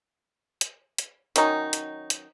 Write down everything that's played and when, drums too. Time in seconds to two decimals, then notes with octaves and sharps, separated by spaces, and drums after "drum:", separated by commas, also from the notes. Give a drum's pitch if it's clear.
0.61 drum: hi-hat
0.98 drum: hi-hat
1.36 D#3 F#3 C#4 D#4, drum: hi-hat
1.73 drum: hi-hat
2.10 drum: hi-hat